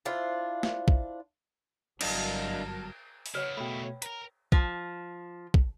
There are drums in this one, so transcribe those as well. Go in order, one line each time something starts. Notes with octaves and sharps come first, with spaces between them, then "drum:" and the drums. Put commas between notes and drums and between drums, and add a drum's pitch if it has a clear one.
D4 E4 F4 C5
drum: snare
drum: kick
G1 F#3 D4 A#4 D#5 F5 A5, drum: cymbal
drum: open hi-hat
C#3 E4 B4 C#5 F#5
B2 A3 G5 B5
A#4 B4 A#5, drum: hi-hat
F3, drum: kick
drum: kick